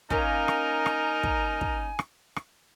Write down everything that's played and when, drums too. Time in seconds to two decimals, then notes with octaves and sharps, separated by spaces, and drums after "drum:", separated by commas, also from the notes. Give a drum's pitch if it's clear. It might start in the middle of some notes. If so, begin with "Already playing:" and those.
0.10 A#3 C#4 D#4 A#4 G#5, drum: kick
0.48 drum: rim click
0.86 drum: rim click
1.23 drum: kick
1.61 drum: kick
1.99 drum: rim click
2.36 drum: rim click